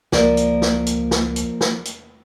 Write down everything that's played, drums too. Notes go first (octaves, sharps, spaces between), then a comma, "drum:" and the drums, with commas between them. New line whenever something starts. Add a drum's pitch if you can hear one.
C#2 F3 A#3 D5, drum: snare
drum: hi-hat
drum: snare
drum: hi-hat
drum: snare
drum: hi-hat
drum: snare
drum: hi-hat